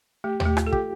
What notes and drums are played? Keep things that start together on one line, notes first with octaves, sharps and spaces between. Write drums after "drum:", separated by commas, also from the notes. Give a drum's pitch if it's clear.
A3 G4
G4, drum: tom D#2
A3
F4, drum: rim click
A4
G4, drum: kick